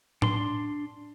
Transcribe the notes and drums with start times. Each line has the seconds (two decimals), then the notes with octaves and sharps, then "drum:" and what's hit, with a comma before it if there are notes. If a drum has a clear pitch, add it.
0.22 D4 C6, drum: tom A2